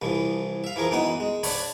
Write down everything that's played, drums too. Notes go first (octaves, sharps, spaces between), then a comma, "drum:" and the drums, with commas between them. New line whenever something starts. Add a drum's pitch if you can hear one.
C2 E3 F3
E5 F5
E3 F3 G#4 A#4
F#2 E3 B3 D#4 F#5 D#6
G#3
D4 C#5 B5, drum: open hi-hat